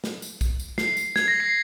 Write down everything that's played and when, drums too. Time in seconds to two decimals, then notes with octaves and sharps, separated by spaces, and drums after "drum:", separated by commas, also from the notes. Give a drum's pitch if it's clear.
0.04 drum: snare
0.22 drum: tambourine
0.41 drum: kick A#1, tambourine
0.60 drum: tambourine
0.78 C7, drum: snare
0.97 drum: tambourine
1.16 G#6, drum: snare
1.28 A#6
1.40 C7